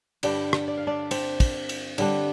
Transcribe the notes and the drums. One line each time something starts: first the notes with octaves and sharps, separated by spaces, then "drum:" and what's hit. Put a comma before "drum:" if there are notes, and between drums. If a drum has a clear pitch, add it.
G2 D3 G3 D4 G4 G5, drum: cymbal
drum: rim click
D5
F5
D4 D5
C4 C5, drum: cymbal
drum: kick, cymbal
drum: cymbal
D3 G3 D4, drum: cymbal